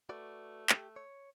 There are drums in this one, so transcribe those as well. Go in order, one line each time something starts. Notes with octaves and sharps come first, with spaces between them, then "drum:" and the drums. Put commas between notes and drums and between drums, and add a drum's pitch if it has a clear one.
A3 F#4 B4 D5
G4, drum: clap
C#5